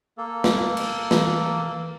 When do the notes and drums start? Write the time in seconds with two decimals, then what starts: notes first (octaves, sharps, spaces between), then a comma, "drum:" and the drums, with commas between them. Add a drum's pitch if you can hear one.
0.18 A#3 A4
0.44 drum: snare
0.77 drum: cymbal
1.11 E3, drum: snare